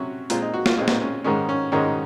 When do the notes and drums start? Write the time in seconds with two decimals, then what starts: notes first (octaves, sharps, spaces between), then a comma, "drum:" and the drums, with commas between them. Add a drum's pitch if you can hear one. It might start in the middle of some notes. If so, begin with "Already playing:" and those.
Already playing: C3 F#3 C#4 F#4
0.30 A#2 G#3 C4 F4, drum: hi-hat
0.42 D#4
0.54 F#4
0.66 F4, drum: snare
0.78 A#2 G#3 C4 D#4
0.88 drum: snare
1.01 C#4
1.24 G#2 D#3 G#3 C#4
1.49 C#4
1.72 G#2 D#3 G#3 C#4 D#4